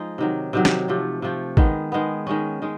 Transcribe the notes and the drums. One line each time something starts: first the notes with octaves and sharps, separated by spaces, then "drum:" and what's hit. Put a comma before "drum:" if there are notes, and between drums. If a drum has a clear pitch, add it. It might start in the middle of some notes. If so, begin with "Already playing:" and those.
Already playing: F3 G#3 D#4
C3 D#3 F#3
C3 D#3 F#3
drum: snare
C3 F3 A3
C3 F3 A3
D#3 G#3 B3, drum: kick A1
D#3 G#3 B3
D#3 G#3 C#4
D#3 G#3